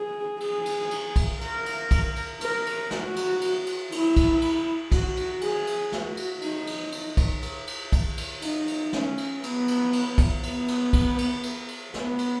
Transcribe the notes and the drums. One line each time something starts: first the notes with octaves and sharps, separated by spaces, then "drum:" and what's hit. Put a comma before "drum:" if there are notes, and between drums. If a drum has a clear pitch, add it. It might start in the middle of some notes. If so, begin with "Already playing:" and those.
Already playing: G#4
G#4, drum: cymbal
drum: cymbal
drum: cymbal
drum: kick, cymbal
A#4, drum: cymbal
drum: cymbal
drum: kick, cymbal
drum: cymbal
A#4, drum: cymbal
drum: cymbal
F#4, drum: snare
drum: cymbal
drum: cymbal
drum: cymbal
E4, drum: cymbal
drum: kick, cymbal
drum: cymbal
F#4, drum: kick, cymbal
drum: cymbal
G#4, drum: cymbal
drum: cymbal
F#4, drum: snare
drum: cymbal
D#4, drum: cymbal
drum: cymbal
drum: cymbal
drum: kick, cymbal
drum: cymbal
drum: cymbal
drum: kick, cymbal
drum: cymbal
D#4, drum: cymbal
drum: cymbal
C#4, drum: snare
drum: cymbal
B3, drum: cymbal
drum: cymbal
drum: cymbal
drum: kick, cymbal
B3, drum: cymbal
drum: cymbal
drum: kick, cymbal
drum: cymbal
drum: cymbal
drum: cymbal
B3, drum: snare
drum: cymbal